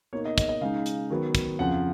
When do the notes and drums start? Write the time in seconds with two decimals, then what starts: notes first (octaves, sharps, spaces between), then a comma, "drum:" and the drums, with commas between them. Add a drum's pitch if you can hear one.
0.13 B2 A#3 D#4 C#5
0.25 D#5
0.38 D#5, drum: kick, hi-hat
0.49 D#5
0.61 C#3 G#3 D#4 F5
0.86 drum: hi-hat
1.10 D#3 F#3 B3
1.35 drum: kick, hi-hat
1.59 F2 C#3 F3 F#5